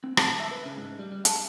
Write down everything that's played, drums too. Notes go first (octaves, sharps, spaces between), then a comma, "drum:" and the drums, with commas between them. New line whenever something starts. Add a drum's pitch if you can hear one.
C4
A5, drum: rim click
E5
B4
C#3
G#2
G3
G3
A5, drum: hi-hat